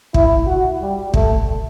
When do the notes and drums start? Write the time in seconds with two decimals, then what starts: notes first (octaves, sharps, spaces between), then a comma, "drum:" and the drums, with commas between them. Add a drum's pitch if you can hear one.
0.14 E4, drum: kick
0.47 F#4
0.81 G3
1.14 A3, drum: kick